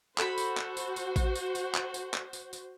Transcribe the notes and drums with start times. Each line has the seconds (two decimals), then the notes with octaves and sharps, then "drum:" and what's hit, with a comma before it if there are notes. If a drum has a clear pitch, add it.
0.18 F#4 A4 C5 B5, drum: clap
0.38 drum: tambourine
0.57 drum: clap
0.77 drum: tambourine
0.96 drum: tambourine
1.16 drum: kick A1, tambourine
1.35 drum: tambourine
1.55 drum: tambourine
1.75 drum: clap
1.94 drum: tambourine
2.14 drum: clap
2.33 drum: tambourine
2.53 drum: tambourine